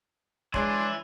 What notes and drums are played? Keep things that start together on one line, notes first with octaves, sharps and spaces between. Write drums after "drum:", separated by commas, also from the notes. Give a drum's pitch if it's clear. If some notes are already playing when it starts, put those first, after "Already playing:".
G#3 D4 E4 C#5 G#5 C6, drum: kick E1